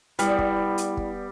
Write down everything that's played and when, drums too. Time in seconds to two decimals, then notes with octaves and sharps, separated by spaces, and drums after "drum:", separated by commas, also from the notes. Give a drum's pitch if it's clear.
0.19 G3 B3 E4 D5 F#5, drum: hi-hat
0.38 drum: kick
0.78 drum: hi-hat
0.97 drum: kick